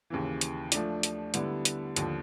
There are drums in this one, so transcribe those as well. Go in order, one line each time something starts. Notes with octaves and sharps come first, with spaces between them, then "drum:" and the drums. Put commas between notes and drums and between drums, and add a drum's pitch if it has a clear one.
D#2 C#3 E3
drum: hi-hat
F3 A3 D4, drum: hi-hat
drum: hi-hat
D3 G3 B3 E4, drum: hi-hat
drum: hi-hat
D#2 D3 F3, drum: hi-hat